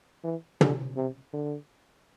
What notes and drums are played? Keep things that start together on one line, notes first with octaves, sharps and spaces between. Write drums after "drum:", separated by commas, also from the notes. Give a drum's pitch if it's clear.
E3
D3, drum: tom
C3
D3